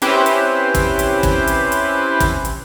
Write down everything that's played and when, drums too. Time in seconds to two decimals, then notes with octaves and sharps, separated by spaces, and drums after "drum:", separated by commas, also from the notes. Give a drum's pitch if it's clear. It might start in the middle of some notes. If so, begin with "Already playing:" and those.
0.02 C4 C#4 E4 G4 B4 C5, drum: hi-hat
0.26 drum: hi-hat
0.75 drum: kick, hi-hat
0.99 drum: hi-hat
1.23 drum: kick, hi-hat
1.47 drum: hi-hat
1.72 drum: hi-hat
2.20 drum: kick, hi-hat
2.45 drum: hi-hat